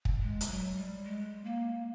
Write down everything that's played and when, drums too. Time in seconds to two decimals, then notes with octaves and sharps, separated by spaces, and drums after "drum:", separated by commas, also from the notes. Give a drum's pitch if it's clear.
0.05 drum: kick
0.22 G#3
0.41 drum: hi-hat
0.50 F#3
0.76 G3
1.04 G#3
1.44 A#3